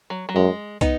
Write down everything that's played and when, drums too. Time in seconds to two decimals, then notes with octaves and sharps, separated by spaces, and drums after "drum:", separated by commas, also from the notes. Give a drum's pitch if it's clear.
0.10 F#3
0.29 F#3
0.35 F#2 G#3
0.81 B3 D#4, drum: kick, hi-hat